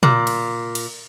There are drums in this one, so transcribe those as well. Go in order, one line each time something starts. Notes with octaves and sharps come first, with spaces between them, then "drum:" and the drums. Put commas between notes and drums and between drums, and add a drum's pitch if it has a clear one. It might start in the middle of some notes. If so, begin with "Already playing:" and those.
A#2, drum: tom
drum: cymbal
drum: cymbal